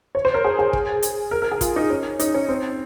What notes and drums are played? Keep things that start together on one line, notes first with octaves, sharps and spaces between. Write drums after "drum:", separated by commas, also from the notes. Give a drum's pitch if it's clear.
C#5
C5
A#4
G#4
G#4
drum: kick
drum: hi-hat
A#4
A#4
G#4
F4, drum: kick, hi-hat
D#4
C#4
D#4, drum: hi-hat
C#4
C4